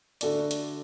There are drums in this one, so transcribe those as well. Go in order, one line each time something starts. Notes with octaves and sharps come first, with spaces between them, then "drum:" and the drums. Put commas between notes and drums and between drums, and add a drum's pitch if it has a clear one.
D3 A3 F#4 A4 D5, drum: hi-hat
drum: hi-hat